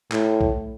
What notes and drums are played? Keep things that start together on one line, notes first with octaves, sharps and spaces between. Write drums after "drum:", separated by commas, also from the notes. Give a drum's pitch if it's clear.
A2, drum: clap
drum: kick B1